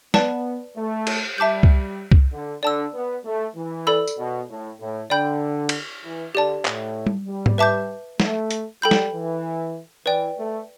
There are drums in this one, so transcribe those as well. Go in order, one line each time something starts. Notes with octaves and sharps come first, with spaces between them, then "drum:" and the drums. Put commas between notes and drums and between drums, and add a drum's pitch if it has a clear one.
B3 B4 D5 A5, drum: snare
A3
drum: cymbal
G3 E5 A5 D6 G6
drum: kick C2
drum: kick C2
D3
D3 D5 A5 E6
B3
A3
E3
A4 D5 B5 E6
drum: tambourine
B2
A2
A2
D3 D5 G5 B5 G6
drum: cymbal
E3
D3 G4 D5 A5
A2, drum: clap
drum: tom G3
G3
drum: tom G#2
B4 E5 A5 D6 G6
A3, drum: snare
drum: hi-hat
G3 A4 G5 B5 G6
drum: snare
E3
E3 B4 D5 G5
A3